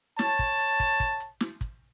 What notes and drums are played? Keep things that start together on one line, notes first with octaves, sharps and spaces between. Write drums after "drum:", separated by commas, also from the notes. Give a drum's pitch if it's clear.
C#5 A5, drum: snare
drum: kick
drum: hi-hat
drum: kick, hi-hat
drum: kick, hi-hat
drum: hi-hat
drum: snare
drum: kick, hi-hat